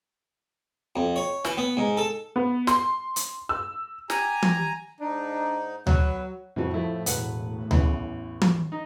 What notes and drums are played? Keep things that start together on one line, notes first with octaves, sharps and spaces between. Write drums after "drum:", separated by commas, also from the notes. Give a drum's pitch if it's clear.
F2
C#5
E3, drum: snare
B3
G#2
A4
B3
C6, drum: snare
drum: hi-hat
E6
G4 G#5 A#5, drum: snare
drum: tom
G#2 D4 D#4
F#3 B3 B4, drum: tom D2
F2 A2 E3 F#4
F3 A3 E4
E1 B4 F#5, drum: hi-hat
A1 E2 E3, drum: tom D2
drum: tom
D#4